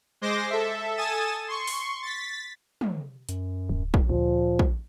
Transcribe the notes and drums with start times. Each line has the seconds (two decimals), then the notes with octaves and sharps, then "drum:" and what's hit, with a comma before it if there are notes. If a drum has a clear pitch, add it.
0.21 G#3 C5 C6 D6 A#6
0.50 A4 E5
0.97 A4 G#5 D#6 A6 E7
1.48 C6 C#6
1.67 drum: open hi-hat
2.03 A6 B6
2.81 drum: tom
3.29 F#2, drum: hi-hat
3.69 D1
3.94 drum: kick
4.09 D2 A#2 F3
4.59 drum: kick